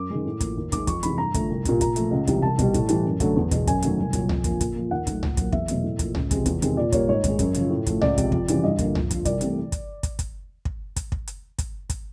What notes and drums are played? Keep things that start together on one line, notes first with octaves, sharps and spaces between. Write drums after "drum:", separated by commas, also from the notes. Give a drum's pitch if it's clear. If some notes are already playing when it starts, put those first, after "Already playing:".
Already playing: F#2 D6
D#3 G#3
A2
F3 A#3, drum: kick, hi-hat
D#2
D#3 G#3 D6, drum: kick, hi-hat
F2 C#6, drum: kick, hi-hat
C3 E3 G#3 B5, drum: hi-hat
G2 A#5
D3 F3 A3, drum: kick, hi-hat
C2
A#2 G3 A#3, drum: kick, hi-hat
A#2 A#5, drum: kick, hi-hat
F3 A3, drum: hi-hat
C#2
C3 E3 G3, drum: kick, hi-hat
C2 A5
B2 G3, drum: kick, hi-hat
A2, drum: kick, hi-hat
E3 G3, drum: hi-hat
F#2
D3 F#3 A3, drum: kick, hi-hat
E2
B2 G#3, drum: kick, hi-hat
F#2 G#5, drum: kick, hi-hat
D#3 F#3 A3, drum: hi-hat
C2
A#2 F#3, drum: kick, hi-hat
F2, drum: tom C2
D3 F3 A#3, drum: kick, hi-hat
A#2, drum: kick, hi-hat
F3 A#3
D#2 F#5
D#3 F#3 A3, drum: kick, hi-hat
A#2, drum: tom C2
F#3 A#3, drum: kick, hi-hat
E2 E5, drum: kick
B2 F#3 A3, drum: hi-hat
A2
F3 A#3, drum: kick, hi-hat
C#2, drum: tom C2
C3 F3 G#3, drum: kick, hi-hat
E2, drum: kick, hi-hat
C3 D#3 G#3, drum: hi-hat
A#2 D5
G3 A#3 C#5, drum: kick, hi-hat
G#2 C#5
D#3 G#3, drum: kick, hi-hat
F#2, drum: kick, hi-hat
C#3 F3, drum: hi-hat
A2
F3 A3, drum: kick, hi-hat
C#2 D5, drum: tom C2
C3 F3 G#3, drum: kick, hi-hat
F2, drum: kick
C#3 E3 G3, drum: hi-hat
G2 D#5
D3 F3 A#3, drum: kick, hi-hat
F2, drum: tom C2
D3 F3, drum: kick, hi-hat
C2 D5, drum: kick, hi-hat
C3 E3 A3, drum: hi-hat
drum: kick, hi-hat
drum: kick, hi-hat
drum: kick, hi-hat
drum: kick
drum: kick, hi-hat
drum: kick
drum: hi-hat
drum: kick, hi-hat
drum: kick, hi-hat